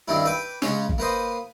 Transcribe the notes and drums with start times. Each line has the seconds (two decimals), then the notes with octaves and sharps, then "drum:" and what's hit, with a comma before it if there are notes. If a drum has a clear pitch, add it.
0.08 G2 D#3 C4 D4 E4
0.25 B4 G5 D6
0.62 C#3 G#3 C#4, drum: snare
0.89 drum: kick
0.98 A#3 B4 C5 D#5